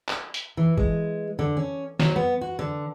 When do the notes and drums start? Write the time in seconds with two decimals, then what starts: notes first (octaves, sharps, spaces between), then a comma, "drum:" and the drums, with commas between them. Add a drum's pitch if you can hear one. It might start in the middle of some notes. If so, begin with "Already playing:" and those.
0.08 drum: clap
0.34 drum: hi-hat
0.57 E3
0.78 G#3, drum: kick
1.39 D3
1.57 C#4
2.00 F#3, drum: snare
2.16 B3
2.41 F#4
2.59 D3